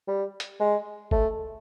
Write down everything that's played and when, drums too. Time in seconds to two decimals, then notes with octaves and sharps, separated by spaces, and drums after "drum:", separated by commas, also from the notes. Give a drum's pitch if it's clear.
0.07 G3
0.40 drum: hi-hat
0.60 G#3
1.11 A3, drum: kick F#1